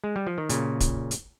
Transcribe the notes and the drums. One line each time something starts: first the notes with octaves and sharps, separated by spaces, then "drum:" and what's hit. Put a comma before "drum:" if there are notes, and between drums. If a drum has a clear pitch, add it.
G#3
G3
F3
D#3
A#2 C#3, drum: hi-hat
drum: kick, hi-hat
drum: hi-hat